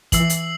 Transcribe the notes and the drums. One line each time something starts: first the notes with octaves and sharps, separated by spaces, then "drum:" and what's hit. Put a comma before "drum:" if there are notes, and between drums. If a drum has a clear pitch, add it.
E3 E6 C7 F#7, drum: kick, hi-hat
drum: hi-hat